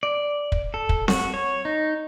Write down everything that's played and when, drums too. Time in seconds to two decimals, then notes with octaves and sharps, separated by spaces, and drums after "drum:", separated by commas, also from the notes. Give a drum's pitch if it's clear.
0.03 D5
0.52 drum: kick
0.74 A4
0.89 drum: kick
1.08 F#4, drum: snare C4
1.34 C#5
1.65 D#4